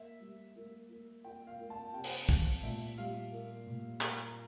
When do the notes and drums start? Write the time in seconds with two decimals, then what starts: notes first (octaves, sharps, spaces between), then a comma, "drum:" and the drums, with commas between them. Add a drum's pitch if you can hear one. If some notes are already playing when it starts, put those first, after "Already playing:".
Already playing: A#3 E5
0.20 G3
0.56 A#3
0.89 A#3
1.24 A#3 G5
1.47 F5
1.59 A#3
1.70 A5
1.93 C3 G5
2.04 drum: open hi-hat
2.29 C3, drum: kick
2.63 A#2 E5
2.98 G3 F5
3.32 A#3
3.67 A#2
4.01 A#3 A#5, drum: clap